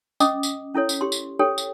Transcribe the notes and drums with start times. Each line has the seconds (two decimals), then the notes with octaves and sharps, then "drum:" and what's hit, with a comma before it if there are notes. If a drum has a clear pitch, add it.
0.20 C#4 D#5 D6 D#6, drum: tambourine
0.43 drum: tambourine
0.74 C#4 E4 A4 C#5
0.89 drum: tambourine
1.01 G4 C6
1.12 drum: tambourine
1.39 G4 A4 C#5 G5
1.58 drum: tambourine